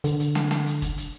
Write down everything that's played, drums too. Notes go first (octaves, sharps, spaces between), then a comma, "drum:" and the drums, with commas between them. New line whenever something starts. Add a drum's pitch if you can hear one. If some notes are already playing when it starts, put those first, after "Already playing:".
D3, drum: hi-hat
drum: hi-hat
drum: snare
drum: snare
drum: hi-hat
drum: kick, hi-hat
drum: hi-hat